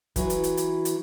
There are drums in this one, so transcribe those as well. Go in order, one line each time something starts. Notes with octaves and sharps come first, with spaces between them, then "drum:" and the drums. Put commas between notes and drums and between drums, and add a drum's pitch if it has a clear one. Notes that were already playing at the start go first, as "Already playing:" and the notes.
E3 F#3, drum: kick, hi-hat
drum: hi-hat
drum: hi-hat
drum: hi-hat
drum: hi-hat